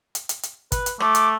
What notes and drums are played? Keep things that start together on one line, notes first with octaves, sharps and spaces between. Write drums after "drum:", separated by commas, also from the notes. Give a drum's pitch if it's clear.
drum: hi-hat
drum: hi-hat
drum: hi-hat
B4, drum: kick, hi-hat
drum: hi-hat
A3 D6, drum: rim click
drum: hi-hat